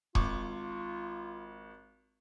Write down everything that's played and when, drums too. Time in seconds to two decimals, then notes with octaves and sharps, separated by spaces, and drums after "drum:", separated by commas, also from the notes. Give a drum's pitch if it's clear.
0.15 G#1 F4 C#6 D6, drum: kick D#1